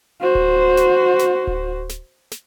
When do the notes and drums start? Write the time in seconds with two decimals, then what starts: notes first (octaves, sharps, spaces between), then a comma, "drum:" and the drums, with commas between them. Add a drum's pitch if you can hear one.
0.21 F#4 C5
0.35 drum: kick D1
0.77 drum: snare
1.19 drum: snare
1.47 drum: kick D1
1.89 drum: snare
2.32 drum: snare